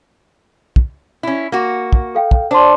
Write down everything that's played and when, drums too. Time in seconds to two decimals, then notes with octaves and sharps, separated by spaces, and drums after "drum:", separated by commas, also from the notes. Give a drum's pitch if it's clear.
0.76 drum: kick
1.23 C#4 E4
1.52 A#3 F#4
1.93 drum: kick
2.15 A4 F5 G5
2.31 drum: kick
2.51 D4 C5 A5 C6